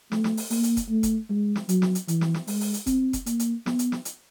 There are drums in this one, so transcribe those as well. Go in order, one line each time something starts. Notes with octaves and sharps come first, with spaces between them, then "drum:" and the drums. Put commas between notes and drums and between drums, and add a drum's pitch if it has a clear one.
A3, drum: snare
drum: snare
drum: open hi-hat
A#3, drum: open hi-hat
drum: hi-hat
drum: kick F1, hi-hat
A3
drum: kick F1, hi-hat
G#3
drum: snare
F#3, drum: hi-hat
drum: snare
drum: hi-hat
E3, drum: hi-hat
drum: snare
drum: snare
G#3, drum: open hi-hat
drum: open hi-hat
drum: hi-hat
C4, drum: kick F1, hi-hat
drum: kick F1, hi-hat
A#3, drum: hi-hat
drum: hi-hat
B3, drum: snare
drum: hi-hat
drum: snare
drum: hi-hat